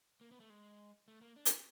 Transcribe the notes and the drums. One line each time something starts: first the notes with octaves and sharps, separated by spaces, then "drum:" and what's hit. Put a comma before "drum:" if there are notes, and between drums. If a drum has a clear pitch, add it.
A#3
B3
A3
G#3
A3
A#3
D4
drum: hi-hat